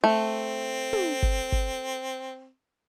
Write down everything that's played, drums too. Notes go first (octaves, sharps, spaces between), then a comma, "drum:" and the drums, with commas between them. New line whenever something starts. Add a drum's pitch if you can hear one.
A3 C4
drum: tom
drum: kick G1
drum: kick G1